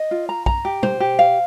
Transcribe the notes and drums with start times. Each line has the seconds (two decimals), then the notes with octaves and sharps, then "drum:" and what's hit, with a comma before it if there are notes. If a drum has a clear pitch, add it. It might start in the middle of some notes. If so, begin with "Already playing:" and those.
Already playing: D#5
0.11 F4
0.29 A#5
0.46 A#5, drum: kick
0.65 G4
0.83 C5, drum: tom
1.00 G4
1.19 F5